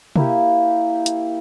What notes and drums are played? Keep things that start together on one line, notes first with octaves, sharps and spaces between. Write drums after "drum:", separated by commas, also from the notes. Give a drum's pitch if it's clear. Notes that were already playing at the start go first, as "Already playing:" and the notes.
A#3 E4 G4, drum: tom
drum: hi-hat